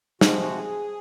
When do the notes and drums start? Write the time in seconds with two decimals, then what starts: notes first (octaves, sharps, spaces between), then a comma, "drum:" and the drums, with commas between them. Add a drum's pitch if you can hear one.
0.21 C3 F3 G#3 F#4, drum: snare
0.40 F#4
0.58 G#4